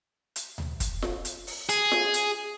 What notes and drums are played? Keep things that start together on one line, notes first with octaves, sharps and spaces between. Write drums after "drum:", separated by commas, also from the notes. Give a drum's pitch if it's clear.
drum: hi-hat
drum: tom D2
drum: kick, hi-hat
drum: snare F4
drum: hi-hat
drum: open hi-hat
G#4, drum: hi-hat
drum: snare F4
drum: hi-hat